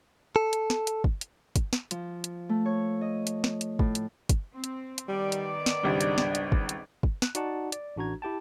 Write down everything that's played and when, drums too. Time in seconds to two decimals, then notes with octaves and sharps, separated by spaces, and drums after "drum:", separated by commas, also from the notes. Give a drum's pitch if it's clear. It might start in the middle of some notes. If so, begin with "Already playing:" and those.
0.36 A4
0.53 drum: hi-hat
0.70 drum: snare
0.87 drum: hi-hat
1.04 drum: kick
1.21 drum: hi-hat
1.56 drum: kick, hi-hat
1.73 drum: snare
1.91 F3, drum: hi-hat
2.24 drum: hi-hat
2.49 A3
2.66 C#5
3.01 D#5
3.27 drum: hi-hat
3.44 drum: snare
3.61 drum: hi-hat
3.79 A2, drum: kick
3.95 drum: hi-hat
4.29 drum: kick, hi-hat
4.55 C4
4.64 drum: hi-hat
4.98 drum: hi-hat
5.08 D#3 G3 B3 D5
5.32 drum: hi-hat
5.66 drum: snare
5.83 G#1 C#2 G3 D4
6.01 drum: hi-hat
6.18 drum: snare
6.35 drum: hi-hat
6.52 drum: kick
6.69 drum: hi-hat
7.03 drum: kick
7.22 F#6, drum: snare
7.35 D#4 F#4 D5 F#5 A5, drum: hi-hat
7.72 D5, drum: hi-hat
7.96 A1 D4 F#4 A#5 G#6
8.22 E4 G4 G5 A5